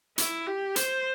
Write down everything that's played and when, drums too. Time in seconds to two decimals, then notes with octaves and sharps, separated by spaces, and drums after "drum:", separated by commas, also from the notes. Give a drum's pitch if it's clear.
0.18 E4, drum: hi-hat
0.47 G4
0.76 C5, drum: hi-hat